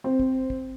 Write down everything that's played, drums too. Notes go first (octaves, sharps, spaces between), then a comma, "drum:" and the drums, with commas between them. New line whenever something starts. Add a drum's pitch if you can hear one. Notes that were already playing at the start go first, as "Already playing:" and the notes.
C4
drum: kick
drum: kick